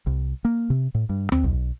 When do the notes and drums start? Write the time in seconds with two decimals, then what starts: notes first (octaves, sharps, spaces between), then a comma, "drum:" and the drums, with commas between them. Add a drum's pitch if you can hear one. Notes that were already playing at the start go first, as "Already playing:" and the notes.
0.07 C2
0.45 A#3
0.70 C3
0.95 A2
1.09 G2
1.32 C4, drum: tom D#2
1.44 B1